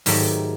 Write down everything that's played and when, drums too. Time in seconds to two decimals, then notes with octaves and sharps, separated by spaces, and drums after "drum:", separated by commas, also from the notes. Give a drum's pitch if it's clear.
0.06 G#2 D#3 F#3 A3 G4, drum: open hi-hat